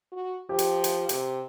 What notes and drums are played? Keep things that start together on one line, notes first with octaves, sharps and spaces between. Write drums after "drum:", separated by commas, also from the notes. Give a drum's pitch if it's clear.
F#4
F3 G4
drum: hi-hat
drum: hi-hat
C3, drum: hi-hat